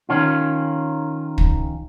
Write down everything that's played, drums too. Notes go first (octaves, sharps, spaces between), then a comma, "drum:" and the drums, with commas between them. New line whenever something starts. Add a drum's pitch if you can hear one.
D#3 C#4 F4
drum: kick